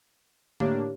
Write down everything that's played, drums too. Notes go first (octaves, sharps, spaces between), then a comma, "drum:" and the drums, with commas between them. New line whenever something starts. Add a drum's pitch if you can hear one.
A2 A#3 D4 G4 C#5, drum: tom D3